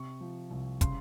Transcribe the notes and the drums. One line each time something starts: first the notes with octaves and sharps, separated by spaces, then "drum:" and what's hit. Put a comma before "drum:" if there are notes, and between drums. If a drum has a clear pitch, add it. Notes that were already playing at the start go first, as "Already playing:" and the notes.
Already playing: C3 C#6
F3
C2
C#3 C6, drum: kick, hi-hat